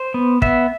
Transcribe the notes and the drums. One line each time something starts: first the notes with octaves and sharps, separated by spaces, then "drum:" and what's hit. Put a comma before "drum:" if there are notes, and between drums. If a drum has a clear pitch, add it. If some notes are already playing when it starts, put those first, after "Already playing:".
Already playing: C5
B3
B3 E5, drum: kick